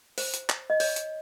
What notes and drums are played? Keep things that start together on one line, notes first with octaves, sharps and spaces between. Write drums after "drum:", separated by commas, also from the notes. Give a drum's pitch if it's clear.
C5, drum: open hi-hat
drum: hi-hat
drum: clap
D#5
C#5, drum: open hi-hat
drum: hi-hat